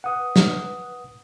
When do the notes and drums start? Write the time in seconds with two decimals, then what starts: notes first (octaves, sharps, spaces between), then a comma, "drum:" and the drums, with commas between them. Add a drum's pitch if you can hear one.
0.04 B4 F#5 D#6
0.36 drum: snare